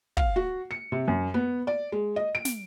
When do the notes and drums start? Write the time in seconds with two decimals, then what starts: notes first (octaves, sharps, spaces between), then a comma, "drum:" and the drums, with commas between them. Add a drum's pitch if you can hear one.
0.17 F5, drum: kick
0.36 F#4
0.71 C#7
0.92 C3
1.08 F#2
1.34 B3
1.67 D5
1.92 G#3
2.16 D#5
2.35 D7
2.45 drum: snare